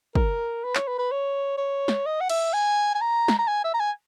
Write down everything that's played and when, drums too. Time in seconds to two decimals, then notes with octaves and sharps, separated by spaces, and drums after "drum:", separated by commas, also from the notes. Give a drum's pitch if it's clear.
0.15 A#4, drum: kick
0.64 B4
0.75 C#5, drum: clap
0.87 B4
0.99 B4
1.11 C#5
1.58 C#5
1.88 drum: snare
2.06 D#5
2.21 F#5
2.29 E5, drum: cymbal
2.53 G#5
2.95 G#5
3.01 A#5
3.28 drum: snare
3.38 A#5
3.47 G#5
3.64 E5
3.74 A#5
3.80 G#5